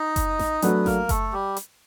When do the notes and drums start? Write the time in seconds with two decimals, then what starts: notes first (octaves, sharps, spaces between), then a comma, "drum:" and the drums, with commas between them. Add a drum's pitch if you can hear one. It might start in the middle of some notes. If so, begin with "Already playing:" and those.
Already playing: D#4 D#5
0.16 drum: kick F#1, hi-hat
0.39 drum: snare A1
0.62 F#3 A3 B3 D4 F#4 B4, drum: hi-hat
0.86 A#3 A#4, drum: snare A1
1.09 A3 A4, drum: kick F#1, hi-hat
1.33 G3 G4
1.57 drum: hi-hat